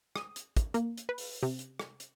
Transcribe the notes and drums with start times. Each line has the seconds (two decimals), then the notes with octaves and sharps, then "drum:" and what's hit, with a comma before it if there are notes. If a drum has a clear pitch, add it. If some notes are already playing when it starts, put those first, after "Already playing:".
0.16 D#6, drum: rim click
0.36 drum: hi-hat
0.57 drum: kick, hi-hat
0.74 A#3, drum: hi-hat
0.98 drum: hi-hat
1.09 B4
1.18 drum: open hi-hat
1.43 C3
1.59 drum: hi-hat
1.79 drum: rim click
2.00 drum: hi-hat